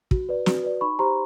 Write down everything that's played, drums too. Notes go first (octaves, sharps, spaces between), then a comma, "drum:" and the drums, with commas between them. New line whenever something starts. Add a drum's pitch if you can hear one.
F#4, drum: kick
B4 D5
F#4, drum: snare
B4 D5
D#4 B5 C#6
G4 C5 A#5 C6